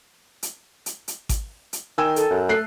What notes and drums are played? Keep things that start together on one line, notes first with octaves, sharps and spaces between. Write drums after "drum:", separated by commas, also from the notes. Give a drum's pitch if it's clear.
drum: hi-hat
drum: hi-hat
drum: hi-hat
drum: kick G#1, hi-hat
drum: hi-hat
D#3 G5 G#5 E6
A4, drum: hi-hat
F#2
A3 A4 F#6 C7